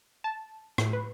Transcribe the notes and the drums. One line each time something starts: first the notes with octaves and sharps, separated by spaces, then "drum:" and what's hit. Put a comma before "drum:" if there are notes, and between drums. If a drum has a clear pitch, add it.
A5
A2, drum: rim click
B4